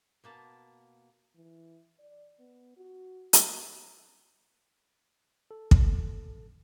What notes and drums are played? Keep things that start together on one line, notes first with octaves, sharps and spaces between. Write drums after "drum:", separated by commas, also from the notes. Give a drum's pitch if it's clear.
B2 A#3 A5
E3
D5
B3
F#4
drum: hi-hat
A4
drum: kick